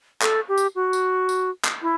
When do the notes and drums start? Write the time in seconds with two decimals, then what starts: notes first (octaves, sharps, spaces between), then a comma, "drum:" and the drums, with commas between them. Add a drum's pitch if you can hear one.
0.22 A4, drum: clap
0.48 G4
0.58 drum: tambourine
0.75 F#4
0.93 drum: tambourine
1.29 drum: tambourine
1.64 drum: clap
1.82 E4